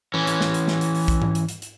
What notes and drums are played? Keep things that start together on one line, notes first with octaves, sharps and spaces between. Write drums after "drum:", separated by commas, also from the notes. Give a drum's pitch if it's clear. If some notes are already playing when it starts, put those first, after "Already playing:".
E3 C#4
drum: hi-hat
drum: snare
drum: hi-hat
drum: snare
drum: hi-hat
drum: open hi-hat
drum: kick, hi-hat
drum: tom G#2
drum: hi-hat
drum: hi-hat
drum: hi-hat